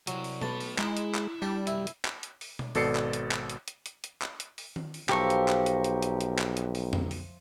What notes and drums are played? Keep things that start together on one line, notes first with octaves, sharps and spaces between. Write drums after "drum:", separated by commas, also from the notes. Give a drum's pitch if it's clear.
C3 F#3 E4, drum: hi-hat
drum: open hi-hat
B1 A3 A5 B5, drum: tom B2
drum: open hi-hat
G#3 D#4 E4 C6, drum: clap
drum: hi-hat
drum: clap
G3 D4 G4
C2 F#2 E4, drum: hi-hat
drum: hi-hat
drum: clap
drum: hi-hat
drum: open hi-hat
drum: tom B2
G#1 B2 A4 D5 C7 C#7, drum: open hi-hat
drum: clap
drum: hi-hat
drum: clap
drum: hi-hat
drum: hi-hat
drum: hi-hat
drum: hi-hat
drum: clap
drum: hi-hat
drum: open hi-hat
drum: tom D#3
drum: open hi-hat
B1 F3 G4 A#4 E5 C#6, drum: clap
drum: hi-hat
drum: clap
drum: hi-hat
drum: hi-hat
drum: hi-hat
drum: hi-hat
drum: clap
drum: hi-hat
drum: open hi-hat
drum: tom
drum: open hi-hat